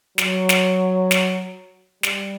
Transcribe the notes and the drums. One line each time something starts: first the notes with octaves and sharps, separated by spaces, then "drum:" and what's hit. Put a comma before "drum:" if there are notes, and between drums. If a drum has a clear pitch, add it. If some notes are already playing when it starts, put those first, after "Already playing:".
F#3, drum: snare
drum: snare
drum: snare
G3, drum: snare